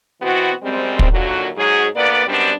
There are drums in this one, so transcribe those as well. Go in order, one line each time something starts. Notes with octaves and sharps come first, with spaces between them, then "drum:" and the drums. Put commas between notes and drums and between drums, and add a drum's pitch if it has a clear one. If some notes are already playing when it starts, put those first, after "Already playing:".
B2 E3 B3 C4 F#4
F#2 G3 G#3 C4
drum: kick
D#2 A#2 D3 F#3 F#4
G#2 F#3 G#4
D2 A#3 B3 B4 D5
F#2 B2 G3 B3 C4 D4